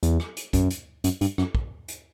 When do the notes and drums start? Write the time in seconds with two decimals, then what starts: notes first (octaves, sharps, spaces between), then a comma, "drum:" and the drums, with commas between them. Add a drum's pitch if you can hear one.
0.03 E2, drum: hi-hat
0.20 drum: rim click
0.37 drum: hi-hat
0.53 F#2, drum: kick, hi-hat
0.70 drum: hi-hat
1.04 F#2, drum: hi-hat
1.21 G2, drum: hi-hat
1.38 F#2, drum: rim click
1.55 drum: kick
1.88 drum: hi-hat